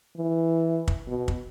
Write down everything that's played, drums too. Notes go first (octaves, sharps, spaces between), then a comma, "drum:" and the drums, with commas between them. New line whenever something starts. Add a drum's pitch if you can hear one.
E3
drum: kick
B2
drum: kick